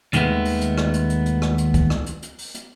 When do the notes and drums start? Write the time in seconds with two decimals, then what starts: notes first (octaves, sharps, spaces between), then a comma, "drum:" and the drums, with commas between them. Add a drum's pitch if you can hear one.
0.13 D#2 D#3 G#3 A3 B3, drum: hi-hat
0.45 drum: open hi-hat
0.61 drum: hi-hat
0.78 drum: rim click
0.94 drum: hi-hat
1.10 drum: hi-hat
1.26 drum: hi-hat
1.42 drum: rim click
1.58 drum: hi-hat
1.74 drum: kick C#2, hi-hat
1.90 drum: rim click
2.06 drum: hi-hat
2.23 drum: hi-hat
2.39 drum: open hi-hat
2.55 drum: hi-hat